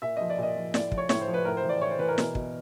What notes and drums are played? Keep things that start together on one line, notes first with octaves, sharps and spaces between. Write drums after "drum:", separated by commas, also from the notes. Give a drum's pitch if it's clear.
A#2 E5
F3 D#5
D5
A#2 D#5
F3
A2 D5, drum: snare
F3, drum: kick
C#5
A2 C#5, drum: snare
C5
F3
B4
A2 A#4
C5
E3
D5
A2 C#5
C5
E3 B4
A#4
B2, drum: snare
B2, drum: kick